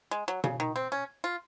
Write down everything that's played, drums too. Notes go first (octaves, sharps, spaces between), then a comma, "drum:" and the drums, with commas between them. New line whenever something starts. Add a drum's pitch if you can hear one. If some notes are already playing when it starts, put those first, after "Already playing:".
G#3
F#3
C#3, drum: tom B2
D#3
C4
C#4
F4